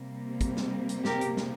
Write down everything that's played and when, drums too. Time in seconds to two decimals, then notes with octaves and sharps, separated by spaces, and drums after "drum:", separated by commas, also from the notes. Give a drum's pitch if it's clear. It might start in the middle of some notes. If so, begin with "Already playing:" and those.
Already playing: C3 G3 A#3
0.41 drum: kick, hi-hat
0.57 drum: snare
0.89 drum: hi-hat
1.05 G4 A#4, drum: snare
1.21 drum: hi-hat
1.37 drum: snare